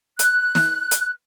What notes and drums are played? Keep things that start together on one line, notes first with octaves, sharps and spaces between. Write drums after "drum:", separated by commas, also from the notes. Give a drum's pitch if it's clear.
F#6, drum: hi-hat
drum: snare
drum: hi-hat